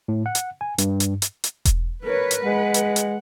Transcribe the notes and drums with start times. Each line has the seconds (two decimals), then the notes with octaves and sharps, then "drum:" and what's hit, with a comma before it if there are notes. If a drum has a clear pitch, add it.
0.08 A2
0.26 F#5
0.35 drum: hi-hat
0.61 G#5
0.78 G2, drum: hi-hat
1.00 drum: hi-hat
1.22 drum: hi-hat
1.44 drum: hi-hat
1.65 drum: kick E1, hi-hat
2.04 A#4 B4 C#5
2.31 drum: hi-hat
2.45 G#3 F#5
2.74 drum: hi-hat
2.96 drum: hi-hat